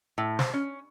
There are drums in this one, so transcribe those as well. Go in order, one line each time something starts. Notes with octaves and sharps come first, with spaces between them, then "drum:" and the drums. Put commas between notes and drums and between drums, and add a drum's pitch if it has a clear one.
A2
C5, drum: snare
C#4